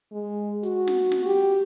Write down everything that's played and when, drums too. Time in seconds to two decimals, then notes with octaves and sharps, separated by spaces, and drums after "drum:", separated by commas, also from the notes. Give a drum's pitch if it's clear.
0.12 G#3
0.63 F#4, drum: hi-hat
0.87 drum: snare
1.12 drum: snare
1.26 G4